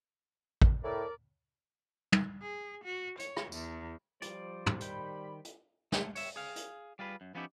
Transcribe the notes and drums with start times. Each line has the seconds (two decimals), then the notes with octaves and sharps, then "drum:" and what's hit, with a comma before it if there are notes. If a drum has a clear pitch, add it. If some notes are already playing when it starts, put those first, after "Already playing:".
0.62 drum: kick
0.84 A2 A#4 D5
2.12 drum: tom
2.43 G#4
2.85 F#4
3.19 C#5, drum: hi-hat
3.37 drum: rim click
3.52 E2, drum: tambourine
4.22 F3 G3 C5 D5, drum: hi-hat
4.66 drum: tom
4.80 D#3 G3 G5 B5, drum: hi-hat
5.45 drum: hi-hat
5.92 A3, drum: snare
6.15 C#5 E5, drum: open hi-hat
6.36 G#4 F5
6.56 drum: hi-hat
6.99 G3 F4 G#4 B4
7.21 F#2
7.35 F3 B3 C#4 D#4 E4 G4